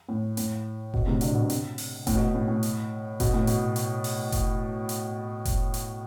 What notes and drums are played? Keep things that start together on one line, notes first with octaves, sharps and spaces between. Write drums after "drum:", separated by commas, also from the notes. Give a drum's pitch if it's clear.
A2
A2, drum: hi-hat
B2, drum: kick F1
A2 C3
B2 D3, drum: hi-hat
B2
drum: hi-hat
drum: open hi-hat
A2, drum: kick F1, hi-hat
B2
A2
A2
A2
drum: hi-hat
B2, drum: kick F1, hi-hat
A2
B2, drum: hi-hat
drum: hi-hat
drum: open hi-hat
drum: kick F1, hi-hat
drum: hi-hat
drum: kick F1, hi-hat
drum: hi-hat